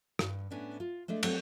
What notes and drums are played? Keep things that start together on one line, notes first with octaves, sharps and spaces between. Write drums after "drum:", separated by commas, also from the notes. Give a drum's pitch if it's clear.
G2, drum: rim click
A2 B3 C#4 D4 B4 G#5
F4
G#3 A3 D4 D5
F#3 C4 F4 A4, drum: cymbal